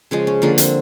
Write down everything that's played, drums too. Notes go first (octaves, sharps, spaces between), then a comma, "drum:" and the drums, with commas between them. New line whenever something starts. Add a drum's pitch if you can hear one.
C#3 F3 G#3
C#4
D3 F3 A#3 D4
C4, drum: hi-hat